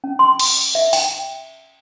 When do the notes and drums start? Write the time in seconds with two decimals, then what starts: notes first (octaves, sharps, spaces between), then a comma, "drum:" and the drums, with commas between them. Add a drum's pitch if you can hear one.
0.04 C#4
0.19 C6
0.39 drum: cymbal
0.75 E5
0.93 G5, drum: open hi-hat